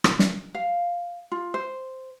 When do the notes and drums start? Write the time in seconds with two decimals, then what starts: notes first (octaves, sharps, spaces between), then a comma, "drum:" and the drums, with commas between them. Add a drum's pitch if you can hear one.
0.04 drum: rim click
0.19 drum: snare
0.55 F5
1.32 F4
1.54 C5